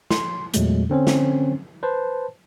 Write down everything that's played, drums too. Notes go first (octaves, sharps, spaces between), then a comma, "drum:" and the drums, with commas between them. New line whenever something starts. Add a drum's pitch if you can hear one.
C6, drum: snare
E2 A#2 F#3 G#3 A3, drum: hi-hat
D3 C4 C#4 C5
drum: snare
B4 C5 A5